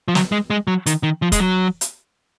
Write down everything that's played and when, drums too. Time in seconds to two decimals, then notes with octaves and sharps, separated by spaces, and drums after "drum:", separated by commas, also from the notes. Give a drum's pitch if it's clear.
0.08 F3
0.15 F#3, drum: snare
0.32 G#3
0.50 G#3
0.67 F#3
0.86 D#3, drum: hi-hat
1.03 D#3
1.22 F3
1.32 G#3, drum: kick, hi-hat
1.40 F#3
1.81 drum: hi-hat